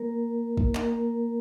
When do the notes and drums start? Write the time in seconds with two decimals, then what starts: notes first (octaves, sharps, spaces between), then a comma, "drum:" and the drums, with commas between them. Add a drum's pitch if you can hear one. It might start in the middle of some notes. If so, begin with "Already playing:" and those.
Already playing: A#3 A#4
0.57 drum: kick
0.75 A#3 A#4, drum: clap